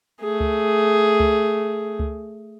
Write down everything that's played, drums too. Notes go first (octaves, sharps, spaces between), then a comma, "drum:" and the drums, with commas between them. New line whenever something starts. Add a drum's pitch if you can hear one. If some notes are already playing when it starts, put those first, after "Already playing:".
A3 G#4
drum: kick C#2
drum: kick C#2
drum: kick C#2